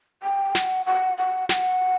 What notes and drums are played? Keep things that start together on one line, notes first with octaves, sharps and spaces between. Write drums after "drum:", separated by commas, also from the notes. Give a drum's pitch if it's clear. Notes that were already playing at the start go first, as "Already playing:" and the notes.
G5
F#5, drum: snare
F#5
F#5, drum: hi-hat
G5, drum: snare
F#5